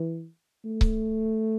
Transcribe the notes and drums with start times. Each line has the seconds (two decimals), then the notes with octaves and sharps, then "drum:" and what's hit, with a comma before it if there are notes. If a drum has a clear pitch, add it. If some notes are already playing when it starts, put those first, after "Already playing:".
Already playing: E3
0.65 A3
0.81 drum: kick C#1